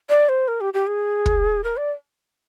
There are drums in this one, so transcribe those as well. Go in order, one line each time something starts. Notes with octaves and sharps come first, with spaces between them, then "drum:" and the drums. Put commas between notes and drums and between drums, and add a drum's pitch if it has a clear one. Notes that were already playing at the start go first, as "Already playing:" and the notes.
D5
C5
A#4
G4
G4
G#4
drum: kick
A#4
D5